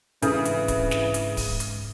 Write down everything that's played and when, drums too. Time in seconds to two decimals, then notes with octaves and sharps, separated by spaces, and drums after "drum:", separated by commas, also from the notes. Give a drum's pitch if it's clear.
0.22 G#2 C#3 E3 C4 D4 A4, drum: hi-hat
0.45 drum: hi-hat
0.68 drum: kick, hi-hat
0.91 drum: snare
1.14 drum: hi-hat
1.37 drum: kick, open hi-hat
1.60 drum: hi-hat